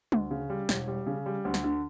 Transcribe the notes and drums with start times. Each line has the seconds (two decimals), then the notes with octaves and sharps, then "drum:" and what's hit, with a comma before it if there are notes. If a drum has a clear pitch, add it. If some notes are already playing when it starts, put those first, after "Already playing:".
0.12 D2, drum: tom G3
0.31 C#3
0.50 G3
0.69 E1, drum: snare
0.87 G3
1.07 C#3
1.26 G3
1.45 D2
1.54 drum: snare
1.64 D3